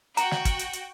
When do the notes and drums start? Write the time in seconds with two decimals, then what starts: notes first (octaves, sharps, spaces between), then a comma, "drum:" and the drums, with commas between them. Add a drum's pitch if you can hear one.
0.17 F#4 F#5 G5 A#5, drum: hi-hat
0.31 drum: snare
0.45 drum: kick, hi-hat
0.59 drum: hi-hat
0.73 drum: hi-hat